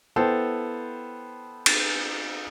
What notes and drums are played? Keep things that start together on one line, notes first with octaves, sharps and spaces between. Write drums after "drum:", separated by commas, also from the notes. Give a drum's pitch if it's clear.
B3 E4 A4 C5 G5 A5
drum: cymbal